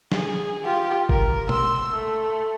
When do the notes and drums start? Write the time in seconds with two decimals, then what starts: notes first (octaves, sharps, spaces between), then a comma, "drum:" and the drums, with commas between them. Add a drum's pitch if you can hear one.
0.12 G#4, drum: snare
0.65 F4 G4
1.09 A#4, drum: kick G1
1.49 C6 E6, drum: tom B2
1.93 A3